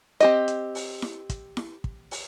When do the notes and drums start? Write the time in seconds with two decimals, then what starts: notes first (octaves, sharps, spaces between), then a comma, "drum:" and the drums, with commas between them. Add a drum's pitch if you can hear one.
0.20 C4 G4 D#5, drum: hi-hat
0.48 drum: hi-hat
0.75 drum: open hi-hat
1.02 drum: snare E4
1.29 drum: kick, hi-hat
1.57 drum: snare E4
1.84 drum: kick
2.11 drum: open hi-hat